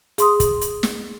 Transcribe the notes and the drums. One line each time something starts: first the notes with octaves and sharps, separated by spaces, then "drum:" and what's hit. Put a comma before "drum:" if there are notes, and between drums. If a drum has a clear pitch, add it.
G#4 C6 D#6, drum: hi-hat
drum: kick, hi-hat
drum: hi-hat
drum: snare